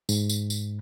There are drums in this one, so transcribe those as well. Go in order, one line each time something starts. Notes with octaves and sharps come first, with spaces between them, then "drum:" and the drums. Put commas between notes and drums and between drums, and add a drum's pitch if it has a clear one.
G#2, drum: tambourine
drum: tambourine
drum: tambourine